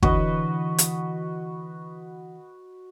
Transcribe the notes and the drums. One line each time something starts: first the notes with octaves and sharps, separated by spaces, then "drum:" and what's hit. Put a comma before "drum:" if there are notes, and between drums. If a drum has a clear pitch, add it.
D3 E3 F#4 B4 D#5, drum: kick
drum: hi-hat